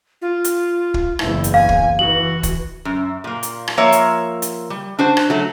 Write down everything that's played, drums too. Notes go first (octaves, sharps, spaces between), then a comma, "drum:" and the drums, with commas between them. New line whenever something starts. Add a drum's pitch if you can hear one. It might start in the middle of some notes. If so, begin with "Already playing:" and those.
F4
drum: hi-hat
drum: kick
F#1 E2 E4, drum: rim click
drum: hi-hat
F5 G#5
drum: kick
E3 F#4 F#7
drum: kick, hi-hat
F#2
A#2 A#3
drum: hi-hat
drum: rim click
F3 A#3 A#4 C#5 E5
drum: hi-hat
drum: hi-hat
G3
D4 F#4 C5
drum: rim click
F#3 A3